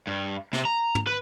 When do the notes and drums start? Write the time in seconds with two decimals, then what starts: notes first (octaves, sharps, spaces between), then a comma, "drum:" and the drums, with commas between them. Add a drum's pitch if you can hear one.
0.07 G2
0.53 C3, drum: snare
0.65 A#5
0.95 drum: tom
1.07 B4